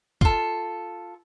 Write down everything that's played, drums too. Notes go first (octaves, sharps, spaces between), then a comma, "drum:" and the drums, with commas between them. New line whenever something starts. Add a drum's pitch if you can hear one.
F4 A4, drum: kick